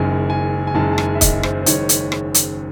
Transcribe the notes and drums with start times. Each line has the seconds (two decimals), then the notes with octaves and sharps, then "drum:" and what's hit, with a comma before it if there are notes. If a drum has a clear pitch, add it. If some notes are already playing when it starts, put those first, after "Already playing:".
Already playing: F#1 F#2 D#3 G#3 G#5
0.30 G#5
0.67 G#5
0.75 F#1 F#2 D#3 G#3 A5
0.93 A5
0.98 G#5, drum: rim click
1.15 E5
1.21 D#5, drum: kick, hi-hat
1.43 C5, drum: rim click
1.62 C5
1.66 F#1 F#2 D#3 G#3 C#5, drum: hi-hat
1.89 drum: hi-hat
2.12 drum: rim click
2.34 drum: hi-hat